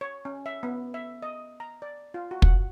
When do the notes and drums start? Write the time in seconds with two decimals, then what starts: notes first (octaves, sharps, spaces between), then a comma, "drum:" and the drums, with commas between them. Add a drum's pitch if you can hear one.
0.01 C#5
0.25 C#4
0.46 E5
0.63 B3
0.94 E5
1.22 D#5
1.60 A#5
1.82 D5
2.14 F4
2.31 F#4
2.42 F#5, drum: kick